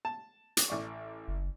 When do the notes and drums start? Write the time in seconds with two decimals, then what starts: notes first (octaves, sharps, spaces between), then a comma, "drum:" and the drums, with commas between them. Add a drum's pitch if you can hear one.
0.05 A5
0.57 drum: hi-hat
0.68 A1 D5 C#6
1.28 F#1